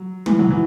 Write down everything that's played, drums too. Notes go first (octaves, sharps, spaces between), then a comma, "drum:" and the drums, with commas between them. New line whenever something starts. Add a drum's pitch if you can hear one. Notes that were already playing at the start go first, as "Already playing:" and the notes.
Already playing: F#3
E3, drum: tom
F#3
E3